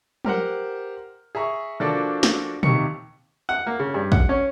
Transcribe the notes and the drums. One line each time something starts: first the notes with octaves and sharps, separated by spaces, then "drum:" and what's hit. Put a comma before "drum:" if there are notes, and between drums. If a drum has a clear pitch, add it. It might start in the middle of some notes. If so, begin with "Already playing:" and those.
G4 A#4 C5 F#5, drum: tom F3
G#4 E5 A#5 C#6
F3 A#3 D4 F#4 A4 D5
drum: snare
D#2 C3 D#3 C#6 C#7, drum: tom
F#5
A#3
C#3
G2
F#5, drum: kick
C#4